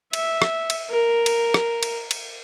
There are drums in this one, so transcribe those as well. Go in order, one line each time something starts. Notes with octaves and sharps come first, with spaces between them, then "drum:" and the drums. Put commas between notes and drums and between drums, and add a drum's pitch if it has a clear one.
E5, drum: cymbal
drum: rim click
drum: cymbal
A#4
drum: cymbal
drum: rim click
drum: cymbal
drum: cymbal